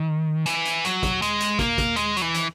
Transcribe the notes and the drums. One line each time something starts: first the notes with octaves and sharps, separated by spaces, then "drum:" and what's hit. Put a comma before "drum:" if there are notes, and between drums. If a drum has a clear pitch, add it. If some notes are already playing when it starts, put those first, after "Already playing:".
Already playing: D#3
E3, drum: hi-hat
drum: hi-hat
F#3, drum: hi-hat
drum: kick, hi-hat
G#3, drum: hi-hat
drum: hi-hat
A#3, drum: kick, hi-hat
drum: kick, hi-hat
G#3, drum: hi-hat
F#3, drum: hi-hat
E3
drum: hi-hat